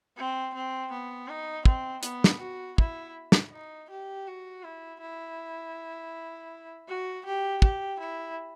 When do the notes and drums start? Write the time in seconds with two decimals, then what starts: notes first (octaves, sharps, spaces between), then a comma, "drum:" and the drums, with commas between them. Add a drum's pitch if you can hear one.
0.17 C4
0.54 C4
0.91 B3
1.28 D#4
1.65 C4, drum: kick
2.03 B3, drum: hi-hat
2.24 drum: snare
2.41 F#4
2.78 E4, drum: kick
3.32 drum: snare
3.52 D#4
3.90 G4
4.26 F#4
4.63 E4
5.01 E4
6.88 F#4
7.25 G4
7.62 G4, drum: kick
7.99 E4